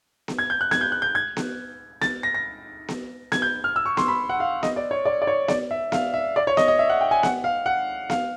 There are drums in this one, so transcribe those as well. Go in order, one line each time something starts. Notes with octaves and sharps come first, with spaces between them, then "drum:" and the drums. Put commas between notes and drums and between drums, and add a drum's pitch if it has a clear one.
drum: snare B3
G#6
G6
F#6
G#6, drum: snare B3
G6
F#6
G6
G#6
drum: snare B3
A6, drum: snare B3
A#6
A#6
drum: snare B3
G#6, drum: snare B3
G6
F6
E6
C#6
C6, drum: snare B3
B5
F#5
F5
D#5, drum: snare B3
D5
C#5
D5
D5
C#5
D5, drum: snare B3
E5
F5, drum: snare B3
E5
D5
C#5
D#5, drum: snare B3
D#5
E5
F#5
G5
G#5
F#5, drum: snare B3
F5
F#5
F5, drum: snare B3